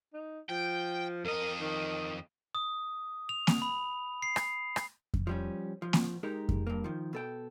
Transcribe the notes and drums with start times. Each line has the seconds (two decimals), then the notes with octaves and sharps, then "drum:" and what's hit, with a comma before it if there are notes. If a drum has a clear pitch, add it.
0.13 D#4
0.50 F3 G5
1.25 F2 A#4 D#5
1.61 D#3
2.55 D#6
3.29 F7
3.47 drum: snare A#3
3.62 B5
4.22 C7
4.36 drum: rim click
4.76 drum: rim click
5.14 drum: kick F2
5.27 F3 G3 C#4
5.82 F3
5.93 drum: snare A#3
6.23 G#3 D#4 G4 A#4
6.49 drum: kick F2
6.67 G2 A#3
6.84 D#3 F3
7.13 B2 A4 G5